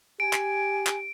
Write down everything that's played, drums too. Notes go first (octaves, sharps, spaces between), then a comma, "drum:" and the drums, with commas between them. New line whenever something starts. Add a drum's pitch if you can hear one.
G4 G#5 D7
drum: clap
drum: clap